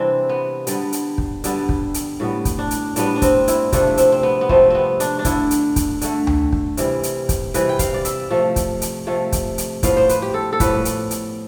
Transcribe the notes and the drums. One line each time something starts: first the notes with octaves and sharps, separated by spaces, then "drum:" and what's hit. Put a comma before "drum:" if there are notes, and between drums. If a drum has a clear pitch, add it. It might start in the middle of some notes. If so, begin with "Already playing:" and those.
Already playing: C3 E3 G3 C4 D4
B3
D3 G3 B3, drum: hi-hat
drum: hi-hat
drum: kick
D3 G3 B3, drum: hi-hat
drum: kick
drum: hi-hat
A2 G3 B3
drum: kick, hi-hat
D4
drum: hi-hat
A2 G3 B3 D4, drum: hi-hat
D4
C4, drum: kick, hi-hat
E4, drum: hi-hat
C3 F3 A3 D4, drum: kick, hi-hat
C4, drum: hi-hat
C4
B3
B3
C3 F3 A3 C4, drum: kick
B3 C4
D4, drum: hi-hat
D4
D3 A3 E4, drum: kick, hi-hat
drum: hi-hat
drum: kick, hi-hat
D3 A3, drum: hi-hat
drum: tom D2
drum: kick
C3 E3 G3, drum: hi-hat
drum: hi-hat
drum: kick, hi-hat
C3 E3 G3 B4, drum: hi-hat
G5
F5, drum: kick, hi-hat
D5
E5, drum: hi-hat
C3 F3 A3
drum: kick, hi-hat
drum: hi-hat
C3 F3 A3
drum: kick, hi-hat
drum: hi-hat
A2 F3 B3 F5, drum: kick, hi-hat
C5
B4, drum: hi-hat
G4
A4
A4
A2 F3 B3 B4, drum: kick, hi-hat
drum: hi-hat
drum: hi-hat